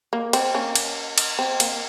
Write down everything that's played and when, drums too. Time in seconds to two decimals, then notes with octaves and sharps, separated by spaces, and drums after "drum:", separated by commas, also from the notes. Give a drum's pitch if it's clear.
0.13 A#3
0.33 C4, drum: cymbal
0.54 A#3 C#4
0.75 drum: cymbal
1.18 drum: cymbal
1.39 C4
1.60 A#3, drum: cymbal